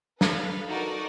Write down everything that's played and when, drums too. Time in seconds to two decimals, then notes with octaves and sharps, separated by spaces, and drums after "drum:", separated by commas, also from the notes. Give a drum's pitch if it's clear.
0.21 A4 B4 F5, drum: snare
0.66 D#4 F#4 A4 A#4 D5